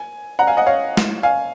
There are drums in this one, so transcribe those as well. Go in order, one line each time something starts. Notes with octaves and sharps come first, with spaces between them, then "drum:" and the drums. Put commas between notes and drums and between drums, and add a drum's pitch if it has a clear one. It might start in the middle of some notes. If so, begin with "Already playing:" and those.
Already playing: G#5
F#5 A#5
F5 G#5
D#5 F#5
C#5 F5
drum: snare
F5 G#5